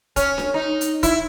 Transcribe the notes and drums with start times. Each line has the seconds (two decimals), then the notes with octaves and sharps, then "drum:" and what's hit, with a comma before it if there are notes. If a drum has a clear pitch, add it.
0.16 C#4, drum: kick, hi-hat
0.38 drum: snare D4
0.54 D#4
0.81 drum: hi-hat
1.03 E4, drum: kick, hi-hat